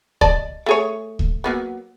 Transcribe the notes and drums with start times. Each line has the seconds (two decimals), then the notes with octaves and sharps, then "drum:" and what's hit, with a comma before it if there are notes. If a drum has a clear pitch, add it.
0.21 D5 D#5 A5, drum: kick C#2
0.66 A3 G#4 C#5
1.19 drum: kick C#2
1.44 F#3 A#3 B3